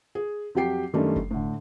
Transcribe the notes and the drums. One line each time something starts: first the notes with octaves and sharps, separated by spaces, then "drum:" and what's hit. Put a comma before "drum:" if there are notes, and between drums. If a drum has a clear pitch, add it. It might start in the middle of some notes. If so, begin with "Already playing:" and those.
G#4
F2 F#3 G4 G5 C7
F#2 D#3 G3 A3 C#4 D4
drum: kick F#1
A2 D3